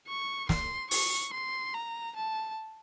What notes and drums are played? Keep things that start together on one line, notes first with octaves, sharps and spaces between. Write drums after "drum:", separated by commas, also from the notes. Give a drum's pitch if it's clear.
C#6
C6, drum: snare
C#6, drum: open hi-hat
C6
A#5
A5